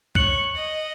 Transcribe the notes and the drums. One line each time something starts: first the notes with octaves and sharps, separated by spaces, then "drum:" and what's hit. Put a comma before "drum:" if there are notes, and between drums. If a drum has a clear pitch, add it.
C#5 F#6 C#7 F#7, drum: kick C2
D#5